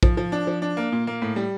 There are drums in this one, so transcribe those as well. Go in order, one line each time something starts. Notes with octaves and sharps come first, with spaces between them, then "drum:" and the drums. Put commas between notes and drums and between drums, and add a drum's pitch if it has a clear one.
F3, drum: kick A#1
F3
D4
F3
D4
A#3
A#2
A#3
A2
G3